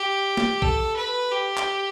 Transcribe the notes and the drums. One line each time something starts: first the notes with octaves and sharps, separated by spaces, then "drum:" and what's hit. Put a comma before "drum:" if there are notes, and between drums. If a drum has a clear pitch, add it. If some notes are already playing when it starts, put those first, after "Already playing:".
Already playing: G4
drum: snare
A4, drum: kick A#1
B4
G4
drum: clap